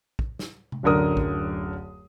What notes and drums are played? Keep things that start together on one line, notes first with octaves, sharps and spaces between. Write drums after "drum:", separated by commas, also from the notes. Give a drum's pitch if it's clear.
drum: kick
drum: snare
drum: tom C3
D1 F#2 D3 A#4 D#6
drum: kick